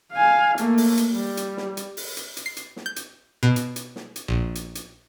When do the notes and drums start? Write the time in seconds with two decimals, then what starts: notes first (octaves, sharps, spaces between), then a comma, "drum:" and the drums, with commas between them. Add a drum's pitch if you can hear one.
0.13 F5 G#5
0.58 A3 A#3, drum: hi-hat
0.78 drum: open hi-hat
0.97 drum: hi-hat
1.13 G3
1.37 drum: hi-hat
1.57 drum: snare
1.77 drum: hi-hat
1.97 drum: open hi-hat
2.17 drum: hi-hat
2.37 drum: hi-hat
2.46 C7
2.57 drum: hi-hat
2.76 drum: snare
2.86 G6
2.96 drum: hi-hat
3.43 B2
3.56 drum: hi-hat
3.76 drum: hi-hat
3.96 drum: snare
4.16 drum: hi-hat
4.28 A#1
4.55 drum: hi-hat
4.75 drum: hi-hat